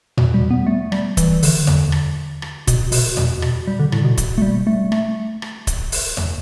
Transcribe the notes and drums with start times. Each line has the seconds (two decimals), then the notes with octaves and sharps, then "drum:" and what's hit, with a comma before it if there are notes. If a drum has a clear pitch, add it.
0.18 B2, drum: tom E2
0.34 G3
0.51 B3
0.67 A3
0.92 G3, drum: rim click
1.17 E3, drum: kick, hi-hat
1.43 D3, drum: open hi-hat
1.67 drum: tom E2
1.92 drum: rim click
2.42 drum: rim click
2.67 B2, drum: kick, hi-hat
2.92 B2, drum: open hi-hat
3.17 B2, drum: tom E2
3.42 B2, drum: rim click
3.67 G3
3.79 D3
3.92 A2, drum: rim click
4.04 B2
4.17 B2, drum: kick, hi-hat
4.38 A3
4.42 G3
4.67 A3
4.92 A3, drum: rim click
5.42 drum: rim click
5.67 drum: kick, hi-hat
5.92 drum: open hi-hat
6.17 drum: tom E2